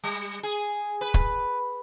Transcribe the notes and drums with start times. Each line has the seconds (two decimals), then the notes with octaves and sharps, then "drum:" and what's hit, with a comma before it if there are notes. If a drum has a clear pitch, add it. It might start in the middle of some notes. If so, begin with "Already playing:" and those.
0.04 G3
0.43 G#4
1.01 B4
1.14 drum: kick